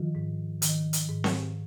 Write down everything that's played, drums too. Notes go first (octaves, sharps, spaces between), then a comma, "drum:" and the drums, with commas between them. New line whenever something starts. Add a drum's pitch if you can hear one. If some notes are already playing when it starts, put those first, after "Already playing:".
Already playing: D#3 F3 F4
G#2
D#3, drum: hi-hat
drum: hi-hat
G#2
drum: snare C4